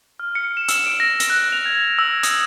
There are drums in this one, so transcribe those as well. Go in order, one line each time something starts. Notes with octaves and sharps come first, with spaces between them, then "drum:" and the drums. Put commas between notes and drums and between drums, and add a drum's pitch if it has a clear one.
F6
C#7
E7
E6, drum: hi-hat
D7
A#6
drum: hi-hat
F#6
F7
G#6
F#6
E6
D#6, drum: hi-hat